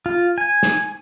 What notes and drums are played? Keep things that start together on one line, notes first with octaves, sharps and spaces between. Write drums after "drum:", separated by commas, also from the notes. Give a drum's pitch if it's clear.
F4
G#5
drum: snare